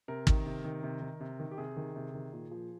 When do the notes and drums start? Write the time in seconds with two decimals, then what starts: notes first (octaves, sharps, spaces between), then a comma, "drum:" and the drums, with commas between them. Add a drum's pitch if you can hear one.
0.08 C3 A#4
0.27 D#3, drum: kick
0.46 C3
0.65 D#3
0.83 C3
1.01 D#3
1.20 C3
1.40 D#3
1.51 G4
1.58 C3 G#4
1.77 D#3
1.96 C3
2.14 D#3
2.33 A#2
2.51 F3